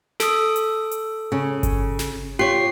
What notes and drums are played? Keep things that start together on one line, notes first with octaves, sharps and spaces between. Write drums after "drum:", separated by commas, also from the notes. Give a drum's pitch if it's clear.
A4 D#6, drum: snare
drum: hi-hat
drum: hi-hat
C#3
drum: kick G1, hi-hat
drum: snare
F4 G4 C#5 C7